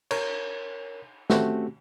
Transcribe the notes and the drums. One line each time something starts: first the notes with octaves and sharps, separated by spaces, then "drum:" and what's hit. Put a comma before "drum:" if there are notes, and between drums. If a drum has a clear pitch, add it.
A#4 C#5, drum: cymbal
A3 C4 C#4 F#4 G4, drum: snare